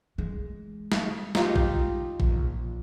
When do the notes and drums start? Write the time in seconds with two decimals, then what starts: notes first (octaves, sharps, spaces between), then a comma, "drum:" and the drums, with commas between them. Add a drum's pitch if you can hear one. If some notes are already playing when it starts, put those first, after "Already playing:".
0.18 E3 G#3
0.92 drum: snare
1.35 D#4 F4 G4, drum: snare
1.56 drum: kick A1
2.20 A#1, drum: kick A1